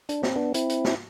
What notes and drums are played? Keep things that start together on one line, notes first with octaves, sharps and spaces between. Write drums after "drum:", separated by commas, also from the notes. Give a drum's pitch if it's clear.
D4, drum: hi-hat
C4, drum: snare
B3 D4
C4 E4, drum: hi-hat
drum: hi-hat
drum: snare